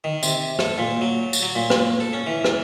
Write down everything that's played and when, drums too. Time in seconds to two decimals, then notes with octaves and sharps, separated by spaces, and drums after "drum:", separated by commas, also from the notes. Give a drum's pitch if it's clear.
0.04 D#3
0.23 C3, drum: tambourine
0.59 A4, drum: rim click
0.78 A#2
1.01 F#3
1.33 drum: tambourine
1.43 F#3
1.55 A#2
1.70 drum: rim click
2.00 A4
2.13 C#4
2.27 E3
2.45 drum: rim click